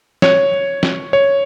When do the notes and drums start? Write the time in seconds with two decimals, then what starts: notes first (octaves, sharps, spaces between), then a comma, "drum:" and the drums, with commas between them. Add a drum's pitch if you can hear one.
0.22 C#5, drum: snare
0.83 drum: snare
1.13 C#5